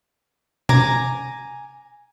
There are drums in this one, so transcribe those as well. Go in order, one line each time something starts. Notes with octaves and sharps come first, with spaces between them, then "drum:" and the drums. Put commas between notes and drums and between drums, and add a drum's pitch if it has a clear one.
G#5 A#5 D6, drum: tom B2